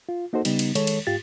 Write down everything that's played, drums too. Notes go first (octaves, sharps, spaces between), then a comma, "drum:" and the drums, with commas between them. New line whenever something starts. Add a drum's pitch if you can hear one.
F4
A#3 D#4 F#4 A4 C5
C#3 G3 B3 D#4, drum: cymbal
drum: cymbal
D#3 G#3 A4 C#5, drum: cymbal
drum: cymbal
G#2 F4 G4 A6